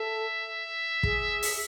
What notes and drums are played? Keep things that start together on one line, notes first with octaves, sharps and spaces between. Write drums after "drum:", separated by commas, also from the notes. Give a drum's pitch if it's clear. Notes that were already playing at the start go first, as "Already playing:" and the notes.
Already playing: A4 E5
G#4, drum: kick
drum: open hi-hat